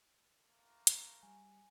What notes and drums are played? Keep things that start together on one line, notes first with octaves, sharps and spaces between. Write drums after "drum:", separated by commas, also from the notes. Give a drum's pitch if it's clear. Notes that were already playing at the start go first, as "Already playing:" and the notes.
A3 A#3
drum: hi-hat
G3 G#5